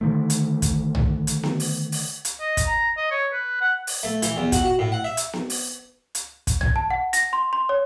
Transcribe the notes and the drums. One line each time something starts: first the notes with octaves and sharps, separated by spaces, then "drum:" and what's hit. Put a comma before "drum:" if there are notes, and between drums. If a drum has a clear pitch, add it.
D3 D#3 A3
drum: hi-hat
drum: kick, hi-hat
drum: tom B1
drum: hi-hat
drum: snare B3
drum: open hi-hat
drum: open hi-hat
drum: hi-hat
D#5
drum: kick, hi-hat
A#5
D#5
C#5
B4
F#5
drum: open hi-hat
A3
E3, drum: hi-hat
E2
F#4, drum: kick, hi-hat
F#4
A2
F#5
E5
drum: hi-hat
drum: snare B3
drum: open hi-hat
drum: hi-hat
drum: kick, hi-hat
G#6, drum: tom B1
A5
F#5
A#6, drum: hi-hat
C6
C6
C#5